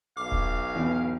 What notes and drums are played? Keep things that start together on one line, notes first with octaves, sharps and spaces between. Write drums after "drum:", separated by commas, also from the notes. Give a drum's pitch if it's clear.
B1 F5 D6
drum: kick D#1
E2